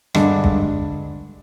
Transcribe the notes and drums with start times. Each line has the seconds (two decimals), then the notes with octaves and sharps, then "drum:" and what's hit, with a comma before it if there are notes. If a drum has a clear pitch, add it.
0.14 G2 D3 G#3 D4, drum: rim click
0.44 drum: kick